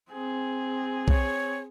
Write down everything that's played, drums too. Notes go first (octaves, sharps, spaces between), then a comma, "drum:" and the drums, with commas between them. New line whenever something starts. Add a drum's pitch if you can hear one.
C4 G#4
C#5, drum: kick B1